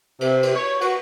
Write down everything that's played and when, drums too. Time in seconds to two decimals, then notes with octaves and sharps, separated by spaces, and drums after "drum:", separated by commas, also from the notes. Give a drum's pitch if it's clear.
0.21 C3, drum: cymbal
0.43 drum: cymbal
0.56 C#5
0.81 F#4, drum: cymbal